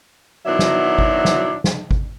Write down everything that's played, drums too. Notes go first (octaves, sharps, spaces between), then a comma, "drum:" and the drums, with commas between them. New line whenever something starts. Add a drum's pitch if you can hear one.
B2 D#3 F#3 D4 E4 E5
drum: snare
drum: kick G#1
drum: snare
drum: snare
drum: kick G#1